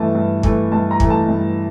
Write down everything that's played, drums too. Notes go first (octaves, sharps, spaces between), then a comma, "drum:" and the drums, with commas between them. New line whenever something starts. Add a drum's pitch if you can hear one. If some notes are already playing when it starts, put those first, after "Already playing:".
Already playing: G2 E3 A3 A5
G2
E3 A3, drum: kick
G2 A5
A#5
E3 A3, drum: kick
A5
G2